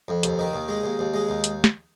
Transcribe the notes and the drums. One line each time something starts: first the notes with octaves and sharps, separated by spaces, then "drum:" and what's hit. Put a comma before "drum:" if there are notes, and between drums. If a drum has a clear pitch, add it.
F2
D#2, drum: hi-hat
D#3
D#2
G#3
D#2
D#2
G#3
D#2
drum: hi-hat
drum: snare